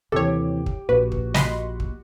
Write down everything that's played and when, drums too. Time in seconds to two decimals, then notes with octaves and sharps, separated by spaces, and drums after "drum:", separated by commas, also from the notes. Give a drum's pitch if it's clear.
0.12 D#2 C3 E3 G4 A4 C#5
0.66 drum: kick
0.89 A#1 A#2 F#4 B4
1.12 drum: kick
1.34 D#5 F#5 B5 C6, drum: snare
1.80 drum: kick